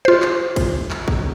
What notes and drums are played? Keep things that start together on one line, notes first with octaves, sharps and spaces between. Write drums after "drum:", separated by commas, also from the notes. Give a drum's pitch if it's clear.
F4 C5
drum: clap
drum: kick, cymbal
drum: clap
drum: kick